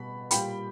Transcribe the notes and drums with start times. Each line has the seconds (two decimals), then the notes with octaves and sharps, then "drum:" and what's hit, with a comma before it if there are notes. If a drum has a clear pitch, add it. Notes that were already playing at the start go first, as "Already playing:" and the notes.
Already playing: B2 G3 B5
0.31 A#2 G3 G5 B5, drum: hi-hat